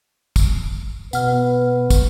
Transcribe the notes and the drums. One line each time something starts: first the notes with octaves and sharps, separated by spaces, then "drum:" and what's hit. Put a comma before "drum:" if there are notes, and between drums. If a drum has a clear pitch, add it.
drum: kick, tambourine
B2 B4 F#5 F6, drum: tambourine
drum: kick, tambourine